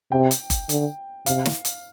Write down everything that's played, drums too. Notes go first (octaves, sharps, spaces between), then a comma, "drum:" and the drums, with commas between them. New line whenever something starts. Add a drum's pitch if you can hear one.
C3 G5
drum: hi-hat
drum: kick F#1, hi-hat
D3, drum: hi-hat
C3 F5, drum: hi-hat
drum: snare
drum: hi-hat